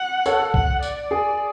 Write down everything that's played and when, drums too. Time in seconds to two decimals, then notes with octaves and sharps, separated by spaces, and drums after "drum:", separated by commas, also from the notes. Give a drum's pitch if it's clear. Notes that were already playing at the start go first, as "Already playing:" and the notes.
Already playing: F#5
0.26 A4 C#5, drum: tambourine
0.40 A4
0.54 F#5, drum: kick B1
0.83 D5, drum: tambourine
1.11 G#4